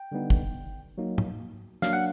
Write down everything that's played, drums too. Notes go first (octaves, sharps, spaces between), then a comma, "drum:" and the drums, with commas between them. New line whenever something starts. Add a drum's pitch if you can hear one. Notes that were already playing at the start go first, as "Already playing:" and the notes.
Already playing: G5
D3 G3 B3 D#4
drum: kick
F#3 A#3 D#4
drum: tom G#2
F#3 A#3 D4 F5, drum: snare
F#5